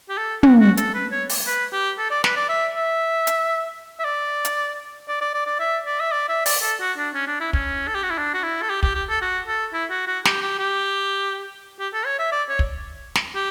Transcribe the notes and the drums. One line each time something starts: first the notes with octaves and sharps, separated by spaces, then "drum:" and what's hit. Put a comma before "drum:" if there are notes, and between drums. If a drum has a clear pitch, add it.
G4
A4
F#4, drum: tom
F#4
A4, drum: hi-hat
B4
C#5
drum: open hi-hat
B4
G4
A4
D5
B4, drum: snare
D5
E5
E5
drum: hi-hat
E5
D5
drum: hi-hat
D5
D5
D5
D5
E5
D5
E5
D5
E5
D5, drum: open hi-hat
A4
F#4
D4
C#4
D4
E4
C#4, drum: kick
A4
G4
F#4
E4
D4
F#4
E4
A4
G4
G4, drum: kick
G4
A4
F#4
A4
E4
F#4
F#4
G4, drum: snare
G4
G4
G4
A4
C#5
E5
D5
C#5
drum: kick
drum: snare
G4